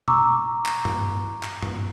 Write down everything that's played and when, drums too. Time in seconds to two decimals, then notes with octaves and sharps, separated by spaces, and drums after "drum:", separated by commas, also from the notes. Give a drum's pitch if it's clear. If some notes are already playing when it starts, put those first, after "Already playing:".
0.08 A#5 C#6 D6 E6, drum: tom B2
0.66 drum: clap
0.85 drum: tom G2
1.43 drum: clap
1.62 drum: tom G2